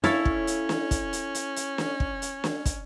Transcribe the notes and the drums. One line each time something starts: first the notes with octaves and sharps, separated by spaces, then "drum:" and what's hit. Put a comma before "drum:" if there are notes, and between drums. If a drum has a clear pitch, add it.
C#4 E4 A4 C#5 F5, drum: snare
drum: kick
drum: hi-hat
drum: snare
drum: kick, hi-hat
drum: hi-hat
drum: hi-hat
drum: hi-hat
drum: snare
drum: kick
drum: hi-hat
drum: snare
drum: kick, hi-hat